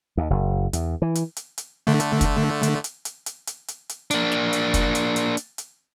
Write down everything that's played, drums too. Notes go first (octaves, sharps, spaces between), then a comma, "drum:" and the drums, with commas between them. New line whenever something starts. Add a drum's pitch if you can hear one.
D#2
F#1
E2, drum: hi-hat
E3
drum: hi-hat
drum: hi-hat
drum: hi-hat
D3 A3
drum: hi-hat
drum: kick, hi-hat
drum: hi-hat
drum: hi-hat
drum: hi-hat
drum: hi-hat
drum: hi-hat
drum: hi-hat
drum: hi-hat
A#3 D4, drum: hi-hat
drum: snare
drum: hi-hat
drum: kick, hi-hat
drum: hi-hat
drum: hi-hat
drum: hi-hat
drum: hi-hat